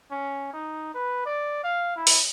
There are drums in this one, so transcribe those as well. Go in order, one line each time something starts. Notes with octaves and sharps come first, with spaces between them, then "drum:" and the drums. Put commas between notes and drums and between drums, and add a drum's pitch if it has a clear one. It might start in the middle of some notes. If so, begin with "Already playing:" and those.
C#4
D#4
B4
D5
F5
E4
drum: open hi-hat